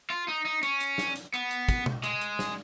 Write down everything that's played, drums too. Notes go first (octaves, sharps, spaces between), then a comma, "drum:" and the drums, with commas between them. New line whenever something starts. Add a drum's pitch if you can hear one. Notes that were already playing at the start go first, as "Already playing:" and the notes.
F4
D#4
D#4
C#4, drum: hi-hat
drum: hi-hat
drum: snare
drum: hi-hat
B3, drum: hi-hat
drum: hi-hat
drum: kick, hi-hat
drum: tom B2
G#3, drum: hi-hat
drum: hi-hat
drum: snare